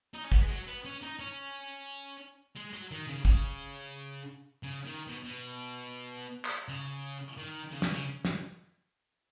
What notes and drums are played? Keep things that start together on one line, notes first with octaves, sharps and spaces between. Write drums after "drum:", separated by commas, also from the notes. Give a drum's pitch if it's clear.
D#4
C#4
B3, drum: kick
G#3
F#3
B3
C#4
D#4
C#4
G#3
F#3
D#3
C#3
C#3, drum: kick
C#3
D#3
B2
B2
drum: clap
C#3
D#3
C#3
B2, drum: snare
C#3
drum: snare